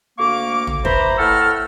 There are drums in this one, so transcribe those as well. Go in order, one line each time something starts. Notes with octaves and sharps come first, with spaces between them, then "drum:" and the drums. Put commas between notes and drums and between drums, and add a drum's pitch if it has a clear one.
D2 A#3 F5 C#6 D6
drum: tom
B4 C5 E5 A#5 B5, drum: kick
A2 A3 F#5 A5 E6 F6